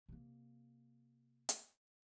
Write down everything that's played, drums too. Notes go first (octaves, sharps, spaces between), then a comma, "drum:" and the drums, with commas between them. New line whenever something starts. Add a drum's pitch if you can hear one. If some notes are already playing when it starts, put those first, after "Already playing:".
C3 A#3
drum: hi-hat